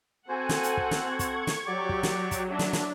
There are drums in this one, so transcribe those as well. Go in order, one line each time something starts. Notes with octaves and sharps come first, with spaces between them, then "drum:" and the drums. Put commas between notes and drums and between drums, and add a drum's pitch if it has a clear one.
C4 F#4 A4 C5 F#5 G#5
drum: snare
drum: hi-hat
drum: kick
drum: snare
C#6 G#6
drum: kick, hi-hat
drum: snare
F#3 G4 D5 C#6 D6
drum: kick
drum: snare
drum: kick, hi-hat
D4 E5
drum: snare
drum: snare